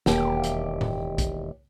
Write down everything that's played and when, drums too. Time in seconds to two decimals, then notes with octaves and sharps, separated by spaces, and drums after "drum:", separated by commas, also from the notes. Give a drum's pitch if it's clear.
0.06 E1 D#2 G4, drum: snare
0.44 drum: hi-hat
0.81 drum: tom A2
1.18 drum: kick A#1, hi-hat